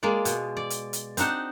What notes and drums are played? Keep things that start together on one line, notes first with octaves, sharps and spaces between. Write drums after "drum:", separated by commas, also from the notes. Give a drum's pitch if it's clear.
G#3 A#3 F4 D5
B2, drum: hi-hat
D5
drum: hi-hat
drum: hi-hat
C4 D4 D#4 F#5 A5, drum: hi-hat